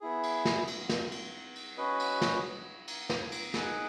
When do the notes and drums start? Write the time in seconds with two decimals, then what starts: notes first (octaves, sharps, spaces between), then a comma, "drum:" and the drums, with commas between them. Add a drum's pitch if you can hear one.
0.01 B3 E4 G#4
0.23 drum: cymbal
0.45 drum: snare
0.67 drum: cymbal
0.89 drum: snare
1.11 drum: cymbal
1.55 drum: cymbal
1.78 C#4 F#4 B4 D#5
1.99 drum: cymbal
2.22 drum: snare
2.88 drum: cymbal
3.10 drum: snare
3.32 drum: cymbal
3.54 D#4 G#4 D#5 F#5, drum: snare